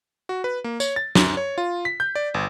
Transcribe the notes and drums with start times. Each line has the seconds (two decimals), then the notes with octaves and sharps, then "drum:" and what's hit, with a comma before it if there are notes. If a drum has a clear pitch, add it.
0.29 F#4
0.44 B4
0.64 A#3
0.80 C#5, drum: tambourine
0.96 A6
1.15 F#2, drum: snare
1.37 C#5
1.58 F4
1.85 B6
2.00 G6
2.15 D5
2.34 G1